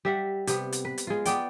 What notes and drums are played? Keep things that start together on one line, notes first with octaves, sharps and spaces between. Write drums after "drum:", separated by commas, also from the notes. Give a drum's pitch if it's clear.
G3 E5 F#5
C3 B3, drum: hi-hat
drum: hi-hat
B4
drum: hi-hat
G#3 F4
B3 D5 G5, drum: hi-hat